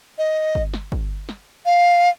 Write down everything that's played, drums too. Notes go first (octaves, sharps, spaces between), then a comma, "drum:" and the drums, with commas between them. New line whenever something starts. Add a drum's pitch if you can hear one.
D#5
drum: kick
drum: snare
drum: kick
drum: snare
F5